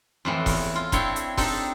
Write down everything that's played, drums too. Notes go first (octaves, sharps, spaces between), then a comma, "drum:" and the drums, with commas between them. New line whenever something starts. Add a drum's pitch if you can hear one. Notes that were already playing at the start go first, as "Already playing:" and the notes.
F2 A2 E3
E2, drum: kick F1, open hi-hat
F4
C4 D4 E4 C#5 G5 C6, drum: kick F1, hi-hat
drum: hi-hat
C4 D4 D#4 G4 A4, drum: kick F1, open hi-hat